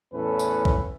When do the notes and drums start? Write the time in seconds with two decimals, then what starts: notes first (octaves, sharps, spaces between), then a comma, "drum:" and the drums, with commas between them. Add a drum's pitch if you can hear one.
0.13 E2 A2 C#4 A4 B4
0.39 drum: tambourine
0.65 drum: kick